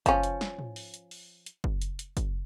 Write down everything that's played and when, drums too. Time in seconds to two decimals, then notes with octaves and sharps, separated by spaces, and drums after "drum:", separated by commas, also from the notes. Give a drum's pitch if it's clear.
0.06 F3 C#4, drum: kick, hi-hat
0.23 drum: hi-hat
0.41 drum: snare
0.59 drum: tom
0.76 drum: open hi-hat
0.94 drum: hi-hat
1.11 drum: open hi-hat
1.46 drum: hi-hat
1.64 drum: kick
1.82 drum: hi-hat
1.99 drum: hi-hat
2.17 drum: kick, hi-hat